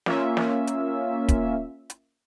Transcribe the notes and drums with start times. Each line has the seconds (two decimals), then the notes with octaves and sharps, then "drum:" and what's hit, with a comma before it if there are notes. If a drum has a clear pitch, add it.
0.06 A#3 C#4 F4 E5, drum: snare
0.37 drum: snare
0.67 drum: hi-hat
1.29 drum: kick, hi-hat
1.90 drum: hi-hat